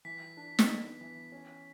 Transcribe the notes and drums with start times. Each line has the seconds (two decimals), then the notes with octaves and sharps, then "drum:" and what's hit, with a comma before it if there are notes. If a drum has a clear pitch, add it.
0.05 E3 B6
0.37 D4
0.59 drum: snare
0.69 B3
1.01 E3
1.32 C#4